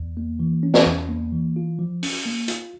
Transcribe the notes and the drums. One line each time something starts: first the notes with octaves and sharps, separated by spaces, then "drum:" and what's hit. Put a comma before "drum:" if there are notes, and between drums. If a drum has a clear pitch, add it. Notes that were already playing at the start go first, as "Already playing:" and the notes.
Already playing: E2
A#3
E3
C#4
drum: snare
E2
A#3
E3
F4
F3
C#4, drum: open hi-hat
A#3
F4, drum: hi-hat